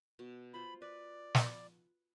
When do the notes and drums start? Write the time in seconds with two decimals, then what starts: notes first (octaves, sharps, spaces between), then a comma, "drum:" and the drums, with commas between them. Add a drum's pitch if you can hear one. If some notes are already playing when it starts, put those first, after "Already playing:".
0.19 B2
0.54 F4 C5 B5
0.82 B4 D5
1.35 drum: snare